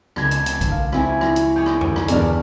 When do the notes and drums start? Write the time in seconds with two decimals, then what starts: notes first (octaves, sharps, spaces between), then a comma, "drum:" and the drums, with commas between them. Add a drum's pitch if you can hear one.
0.16 C#2 A4 G#6, drum: rim click
0.31 drum: hi-hat
0.46 drum: hi-hat
0.61 drum: kick B1, hi-hat
0.72 F5
0.92 C4 C#4 E4 G#5, drum: rim click
1.21 drum: rim click
1.36 drum: hi-hat
1.56 G4 G#4 C#5 G6
1.66 drum: rim click
1.81 drum: tom F2
1.96 drum: rim click
2.08 G1 E2 G3 D4 D5 F6, drum: hi-hat